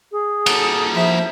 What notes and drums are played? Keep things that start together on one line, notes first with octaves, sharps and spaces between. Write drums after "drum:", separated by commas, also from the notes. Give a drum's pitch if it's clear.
G#4
A#3 A4 F#5, drum: cymbal
F3 E4 E5